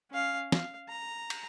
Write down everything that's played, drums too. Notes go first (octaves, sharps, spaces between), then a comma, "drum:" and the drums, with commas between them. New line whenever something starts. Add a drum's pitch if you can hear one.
C#4 F5
F5, drum: snare
A#5
drum: cymbal